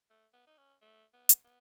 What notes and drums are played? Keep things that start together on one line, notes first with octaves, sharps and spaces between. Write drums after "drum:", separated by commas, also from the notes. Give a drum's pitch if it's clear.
A3
B3
D#4
C#4
A3
B3
drum: hi-hat
B3